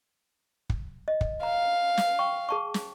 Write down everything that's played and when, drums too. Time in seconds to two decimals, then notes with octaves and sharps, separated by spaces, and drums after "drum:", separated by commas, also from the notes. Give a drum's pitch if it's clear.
0.70 drum: kick
1.08 D#5
1.21 drum: kick
1.43 F5 A#5
1.97 drum: snare
2.19 G5 C#6
2.49 G#4 A5 C#6
2.74 drum: snare